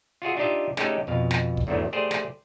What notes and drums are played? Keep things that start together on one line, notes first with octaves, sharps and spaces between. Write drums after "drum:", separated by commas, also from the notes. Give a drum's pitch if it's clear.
F4 F#4 G#4 E5
D4 D#4 F4 G4 D#5 E5
G#3 A3 C#4 D#4 G4 A4, drum: snare
F2 B2 F5
drum: snare
drum: kick
E2 G#2 D3 E3 F#3 A3
A3 G4 G#4 C5 D5
drum: snare